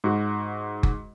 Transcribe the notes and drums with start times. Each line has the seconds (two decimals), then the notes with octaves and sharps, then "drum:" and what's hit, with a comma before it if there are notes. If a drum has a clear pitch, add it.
0.04 G#2 F#4
0.83 drum: kick F#1